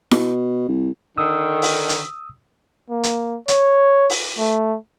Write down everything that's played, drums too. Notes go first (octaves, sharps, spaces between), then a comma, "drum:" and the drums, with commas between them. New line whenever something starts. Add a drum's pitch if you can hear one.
B2, drum: snare E4
C2
D3 D#3 D#6 E6
drum: open hi-hat
drum: hi-hat
A#3
drum: hi-hat
C#5, drum: hi-hat
drum: open hi-hat
A3